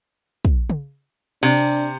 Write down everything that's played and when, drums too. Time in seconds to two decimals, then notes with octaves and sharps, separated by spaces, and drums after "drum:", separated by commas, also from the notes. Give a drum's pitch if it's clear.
0.45 drum: kick
0.70 drum: tom C#3
1.43 C3 D4, drum: cymbal